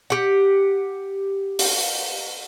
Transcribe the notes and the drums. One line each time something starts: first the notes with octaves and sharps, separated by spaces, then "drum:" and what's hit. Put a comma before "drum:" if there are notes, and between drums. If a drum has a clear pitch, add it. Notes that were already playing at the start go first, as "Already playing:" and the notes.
G4 F#5
drum: open hi-hat